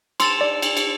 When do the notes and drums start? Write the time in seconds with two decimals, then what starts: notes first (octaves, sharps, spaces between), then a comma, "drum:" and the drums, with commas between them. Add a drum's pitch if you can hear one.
0.20 A5 C6 E6 A6 E7, drum: cymbal
0.41 D5
0.62 drum: cymbal
0.77 drum: cymbal